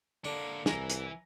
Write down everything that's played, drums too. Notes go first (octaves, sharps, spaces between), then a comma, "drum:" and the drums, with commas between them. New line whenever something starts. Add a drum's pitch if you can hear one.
D3 A#3 D4 A4
C2 E3 G#5 A#5 A#6, drum: snare
drum: hi-hat